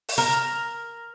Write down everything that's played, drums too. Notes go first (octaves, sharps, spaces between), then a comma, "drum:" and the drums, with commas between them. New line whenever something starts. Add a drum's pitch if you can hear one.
drum: open hi-hat
A#4